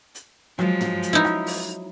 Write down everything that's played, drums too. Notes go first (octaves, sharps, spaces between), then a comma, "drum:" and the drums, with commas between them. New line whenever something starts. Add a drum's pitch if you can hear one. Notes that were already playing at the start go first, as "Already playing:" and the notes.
drum: hi-hat
F3 F#3 G#3, drum: rim click
drum: tom
drum: hi-hat
D#4 E4
drum: rim click
drum: open hi-hat